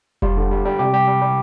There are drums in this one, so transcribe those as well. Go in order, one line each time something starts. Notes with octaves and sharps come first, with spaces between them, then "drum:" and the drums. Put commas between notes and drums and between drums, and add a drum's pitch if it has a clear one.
G3 F4, drum: kick F1
D3
G3
G3
C3 G4
G3 G4
G3
G3